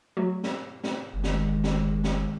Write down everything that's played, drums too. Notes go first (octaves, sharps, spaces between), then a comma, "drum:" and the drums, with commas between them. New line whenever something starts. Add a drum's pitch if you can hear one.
F#3 A3 F#4
drum: snare
drum: snare
F#1 D#3 G#3
drum: snare
drum: snare
drum: snare